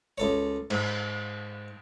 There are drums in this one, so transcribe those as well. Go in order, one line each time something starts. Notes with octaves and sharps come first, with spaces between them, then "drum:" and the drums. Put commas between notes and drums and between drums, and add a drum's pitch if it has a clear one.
C#2 A4 C#5
G#2, drum: cymbal